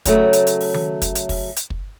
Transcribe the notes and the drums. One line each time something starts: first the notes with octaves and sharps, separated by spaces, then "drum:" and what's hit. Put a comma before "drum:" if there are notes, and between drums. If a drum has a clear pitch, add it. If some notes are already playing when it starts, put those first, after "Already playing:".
C#3 F#3 A3, drum: kick, hi-hat
drum: hi-hat
drum: hi-hat
drum: open hi-hat
drum: tom D#3
drum: kick, hi-hat
drum: hi-hat
drum: kick, open hi-hat
drum: hi-hat
drum: kick